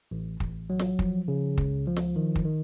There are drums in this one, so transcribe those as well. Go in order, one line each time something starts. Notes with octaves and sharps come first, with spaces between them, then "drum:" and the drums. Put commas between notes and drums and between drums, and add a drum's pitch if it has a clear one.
A1
A1, drum: kick
F#3
drum: snare
F3, drum: kick
C#3
C#2, drum: kick
F3
drum: snare
D#3
drum: kick
D#3